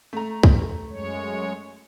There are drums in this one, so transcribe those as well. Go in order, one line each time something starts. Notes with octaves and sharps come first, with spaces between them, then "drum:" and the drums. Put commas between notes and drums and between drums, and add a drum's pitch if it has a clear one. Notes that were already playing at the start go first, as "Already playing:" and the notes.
A3 A#5
drum: kick
F#2 G#3 C#5